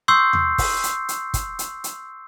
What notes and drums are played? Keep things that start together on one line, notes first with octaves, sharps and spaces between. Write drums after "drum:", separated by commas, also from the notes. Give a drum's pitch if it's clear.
C6 C#6 D#6 E6 G6 C7
drum: tom E2
drum: kick, open hi-hat
drum: hi-hat
drum: hi-hat
drum: kick, hi-hat
drum: hi-hat
drum: hi-hat